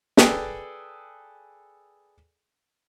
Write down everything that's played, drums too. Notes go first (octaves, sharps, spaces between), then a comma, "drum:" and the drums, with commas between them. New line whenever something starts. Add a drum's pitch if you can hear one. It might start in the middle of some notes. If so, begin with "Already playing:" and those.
G#4 A4 B4 D5 G5 G#5, drum: snare